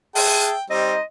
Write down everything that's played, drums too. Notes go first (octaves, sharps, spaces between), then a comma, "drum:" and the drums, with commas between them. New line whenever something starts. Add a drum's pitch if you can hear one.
G#4 E5 G5 A5, drum: open hi-hat
G3 C4 D#4 C5 D#5